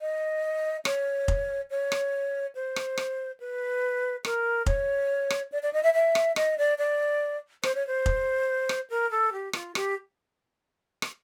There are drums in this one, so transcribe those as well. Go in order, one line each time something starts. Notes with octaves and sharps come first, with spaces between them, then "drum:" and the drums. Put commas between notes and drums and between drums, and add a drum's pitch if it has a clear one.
D#5
C#5, drum: rim click
drum: kick
C#5
drum: rim click
C5
drum: rim click
drum: rim click
B4
A#4, drum: rim click
C#5, drum: kick
drum: rim click
D5
D5
D#5
E5
E5
drum: rim click
D#5, drum: rim click
D5
D5
C5, drum: rim click
C#5
C5
drum: kick
drum: rim click
A#4
A4
G4
F4, drum: rim click
G4, drum: rim click
drum: rim click